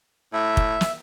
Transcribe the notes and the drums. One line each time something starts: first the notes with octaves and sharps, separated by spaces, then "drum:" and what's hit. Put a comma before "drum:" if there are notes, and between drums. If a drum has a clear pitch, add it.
A2 E5
drum: kick
drum: snare